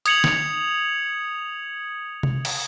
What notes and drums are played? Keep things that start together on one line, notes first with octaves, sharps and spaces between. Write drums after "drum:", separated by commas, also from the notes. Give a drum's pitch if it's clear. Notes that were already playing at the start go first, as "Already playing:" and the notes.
D#6 G#6 C#7 F7 F#7, drum: hi-hat
drum: snare
drum: tom C3
drum: cymbal